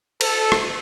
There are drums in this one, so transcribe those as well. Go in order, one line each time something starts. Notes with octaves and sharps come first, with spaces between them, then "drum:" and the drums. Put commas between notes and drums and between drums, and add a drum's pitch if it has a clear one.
A4, drum: cymbal
drum: rim click